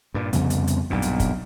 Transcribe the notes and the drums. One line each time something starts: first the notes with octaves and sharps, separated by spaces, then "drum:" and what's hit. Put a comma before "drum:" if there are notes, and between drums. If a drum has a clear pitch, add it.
G2 A#2
C2 F2 C#3 B3, drum: hi-hat
drum: hi-hat
drum: hi-hat
B1 G2 A#2
drum: hi-hat
drum: kick, hi-hat